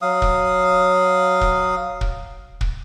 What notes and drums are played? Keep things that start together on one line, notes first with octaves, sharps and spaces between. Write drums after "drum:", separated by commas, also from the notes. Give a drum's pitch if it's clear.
F#3 F5 D#6
drum: kick
drum: kick
drum: kick
drum: kick